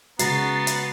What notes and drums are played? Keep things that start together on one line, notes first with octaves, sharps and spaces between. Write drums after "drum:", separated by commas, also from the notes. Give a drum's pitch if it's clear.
C#3 G#3 B3 F#4 A#5 A6 C7, drum: hi-hat
drum: hi-hat